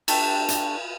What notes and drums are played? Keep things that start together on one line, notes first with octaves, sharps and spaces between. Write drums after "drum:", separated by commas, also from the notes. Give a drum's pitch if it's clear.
A3 D4 G4, drum: cymbal
drum: hi-hat